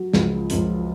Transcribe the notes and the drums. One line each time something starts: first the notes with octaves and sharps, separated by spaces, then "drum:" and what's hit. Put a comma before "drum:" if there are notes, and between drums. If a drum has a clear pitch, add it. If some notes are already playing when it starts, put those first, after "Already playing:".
Already playing: F#3 F#4
C#2 C#3 F3, drum: snare
C#2 C#3 F3 F4, drum: hi-hat